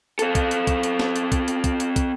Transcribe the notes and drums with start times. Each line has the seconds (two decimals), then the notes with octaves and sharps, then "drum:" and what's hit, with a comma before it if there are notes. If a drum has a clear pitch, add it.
0.19 C4 A4, drum: hi-hat
0.35 drum: kick, hi-hat
0.51 drum: hi-hat
0.67 drum: kick, hi-hat
0.83 drum: hi-hat
1.00 drum: snare
1.16 drum: hi-hat
1.32 drum: kick, hi-hat
1.48 drum: hi-hat
1.64 drum: kick, hi-hat
1.80 drum: hi-hat
1.96 drum: kick, hi-hat